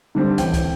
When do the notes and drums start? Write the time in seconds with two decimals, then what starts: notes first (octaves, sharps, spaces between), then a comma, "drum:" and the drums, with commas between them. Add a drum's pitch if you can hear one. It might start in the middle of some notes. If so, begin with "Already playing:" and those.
0.15 D3 G3 C4
0.38 A1 G5, drum: hi-hat
0.54 drum: kick, hi-hat